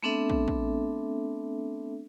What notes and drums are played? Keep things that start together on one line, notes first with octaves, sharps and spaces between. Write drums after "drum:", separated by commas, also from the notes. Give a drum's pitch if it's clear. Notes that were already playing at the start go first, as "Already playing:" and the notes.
A3 B3 C4 D4 A4 E5
drum: kick
drum: kick